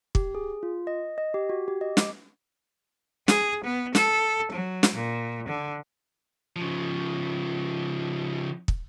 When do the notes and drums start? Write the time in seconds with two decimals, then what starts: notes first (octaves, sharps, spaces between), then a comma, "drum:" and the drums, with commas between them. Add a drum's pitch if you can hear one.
0.15 G4, drum: kick
0.35 G#4
0.63 F4
0.87 D#5
1.18 D#5
1.34 G4
1.49 F#4
1.68 G4
1.81 D#5
1.97 D6, drum: snare
3.28 G#4, drum: snare
3.64 B3
3.95 A4, drum: snare
4.52 F#3
4.83 drum: snare
4.95 A#2
5.48 D3
6.56 C#3 F3
8.68 drum: kick